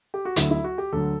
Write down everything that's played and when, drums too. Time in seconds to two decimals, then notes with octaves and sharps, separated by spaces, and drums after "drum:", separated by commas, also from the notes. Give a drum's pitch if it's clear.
0.14 G4
0.25 F#4
0.36 D2 D3 F#3 E4, drum: hi-hat
0.51 E4
0.64 F#4
0.78 G4
0.93 D2 D3 F#3 A4